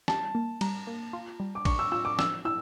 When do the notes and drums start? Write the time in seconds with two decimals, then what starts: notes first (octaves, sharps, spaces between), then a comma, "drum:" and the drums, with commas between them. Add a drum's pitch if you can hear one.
0.08 G3 A5, drum: snare
0.35 A#3
0.61 G3 A#5, drum: cymbal
0.87 A#3
1.13 F4
1.40 G3
1.55 D6
1.65 D4 C#6, drum: kick A1, cymbal
1.79 E6
1.92 F4 E6
2.05 D6
2.19 F3 E6, drum: snare
2.45 E4 E6